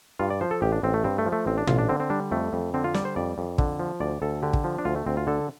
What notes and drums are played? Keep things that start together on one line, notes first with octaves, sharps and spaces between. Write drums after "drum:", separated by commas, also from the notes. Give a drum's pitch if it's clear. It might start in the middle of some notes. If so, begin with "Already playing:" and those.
G2 F4
D5
F3 C5
A4
A1 G4
D4
A1 C4
A3
G2 C4
A3
F3
A3
A1 C4
D4
A1 F4, drum: tom
D4
D3 C4
C4
G3 D4
F2 A3
F2
D3 C4
F4
G3 D5, drum: snare
C5
F2 D5
F2
D3, drum: kick
F3
D2 D5
D2 A4
D3 G4
drum: kick
F3
D4
D2 F4
A3
D2 C4
F4
D3 A4